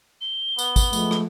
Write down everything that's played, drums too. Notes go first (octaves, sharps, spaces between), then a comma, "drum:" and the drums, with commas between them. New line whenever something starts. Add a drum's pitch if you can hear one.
G7
B3, drum: tambourine
drum: kick G#1, tambourine
F3 G#3 A3, drum: tambourine
drum: rim click